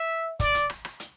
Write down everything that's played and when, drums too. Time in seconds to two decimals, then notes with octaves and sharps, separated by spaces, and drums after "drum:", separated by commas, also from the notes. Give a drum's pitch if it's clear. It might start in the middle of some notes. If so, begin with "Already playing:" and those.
Already playing: E5
0.40 D5, drum: kick, hi-hat
0.55 drum: hi-hat
0.70 drum: rim click
0.85 drum: rim click
1.00 drum: hi-hat